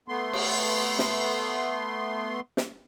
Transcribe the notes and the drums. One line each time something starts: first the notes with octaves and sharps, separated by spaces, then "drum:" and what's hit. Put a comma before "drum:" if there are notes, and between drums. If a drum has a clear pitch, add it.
A3 B3 C6
drum: cymbal
drum: snare
drum: snare